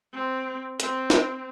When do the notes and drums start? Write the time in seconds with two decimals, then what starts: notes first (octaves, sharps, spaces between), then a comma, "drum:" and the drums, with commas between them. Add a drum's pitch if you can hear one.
0.13 C4
0.80 C4, drum: hi-hat
1.10 drum: snare